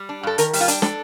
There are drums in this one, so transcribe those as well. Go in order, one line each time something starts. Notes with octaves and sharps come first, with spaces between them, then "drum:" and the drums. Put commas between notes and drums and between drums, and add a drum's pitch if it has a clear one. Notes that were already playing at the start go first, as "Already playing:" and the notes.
Already playing: G3
D4
G2 A4
D#3 A#4, drum: hi-hat
G3, drum: open hi-hat
F4
D4, drum: hi-hat
D4 A4, drum: snare